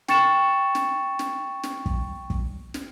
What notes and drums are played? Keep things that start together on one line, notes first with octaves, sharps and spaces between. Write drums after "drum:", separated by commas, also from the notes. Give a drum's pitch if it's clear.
G5 C#6 A6 C#7 E7, drum: snare
drum: snare
drum: snare
drum: snare
drum: kick
drum: kick
drum: snare